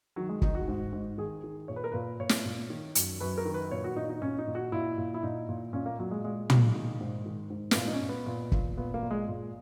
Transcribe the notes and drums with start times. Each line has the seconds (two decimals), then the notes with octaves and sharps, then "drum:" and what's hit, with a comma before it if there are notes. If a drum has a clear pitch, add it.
0.16 D#3 F#3
0.29 G#3
0.42 D#3 D#4, drum: kick
0.55 F#4
0.68 G#2
0.93 G#2
1.18 D#3 G#4
1.44 D#3
1.68 A#2 C#5
1.76 B4
1.84 A#4
1.92 A#2 B4
2.20 A#2 C#5
2.29 drum: snare
2.45 A#2
2.70 D#3
2.95 F#2, drum: hi-hat
3.20 F#2 B4
3.38 A#4
3.45 D#3
3.54 B4
3.71 A#2 C#5
3.84 F#4
3.96 A#2 D#4
4.09 D#4
4.22 A#2 C#4
4.38 D#4
4.47 A#2
4.55 F#4
4.72 A#2 E4
4.98 A#2
5.14 E4
5.23 A#2 D#4
5.49 A#2
5.73 A#2 C#4
5.86 A#3
5.99 A#2 F#3
6.11 G#3
6.24 A#2 G#3
6.50 A#2, drum: tom
6.75 D#3
7.01 G#2
7.26 D#3
7.50 G#2
7.71 B3, drum: snare
7.76 A#2 A#3
7.87 D#4
7.93 C#4
8.01 A#2
8.09 B3
8.26 A#2
8.52 A#2, drum: kick
8.77 A#2 B3
8.94 A#3
9.03 A#2
9.11 G#3
9.28 A#2